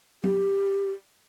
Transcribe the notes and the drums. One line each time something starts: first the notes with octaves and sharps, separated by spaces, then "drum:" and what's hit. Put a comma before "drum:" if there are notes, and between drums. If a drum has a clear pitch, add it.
G4, drum: tom F#3